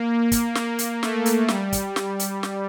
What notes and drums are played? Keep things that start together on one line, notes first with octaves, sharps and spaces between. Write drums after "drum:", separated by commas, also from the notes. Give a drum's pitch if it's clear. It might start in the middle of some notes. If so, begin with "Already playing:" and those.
Already playing: A#3
drum: kick, hi-hat
A#3, drum: snare
drum: hi-hat
A3, drum: snare
drum: hi-hat
G3, drum: snare
drum: kick, hi-hat
drum: snare
drum: hi-hat
drum: snare